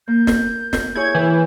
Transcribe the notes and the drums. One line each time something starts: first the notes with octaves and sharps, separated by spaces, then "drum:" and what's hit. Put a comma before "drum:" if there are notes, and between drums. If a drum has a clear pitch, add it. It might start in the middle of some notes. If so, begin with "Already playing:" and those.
A#3 G6
drum: snare
drum: snare
E4 G#4 C#5 G#6
E3